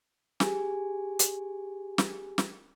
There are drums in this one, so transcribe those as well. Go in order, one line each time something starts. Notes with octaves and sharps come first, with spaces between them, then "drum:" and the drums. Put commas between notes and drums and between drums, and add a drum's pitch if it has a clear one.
G4 G#4 G#5, drum: snare
drum: hi-hat
drum: snare
drum: snare